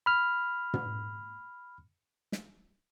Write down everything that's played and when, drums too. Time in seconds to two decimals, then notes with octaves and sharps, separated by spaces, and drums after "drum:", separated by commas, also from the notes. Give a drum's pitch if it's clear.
0.06 B5 F6
0.74 drum: tom
2.32 drum: snare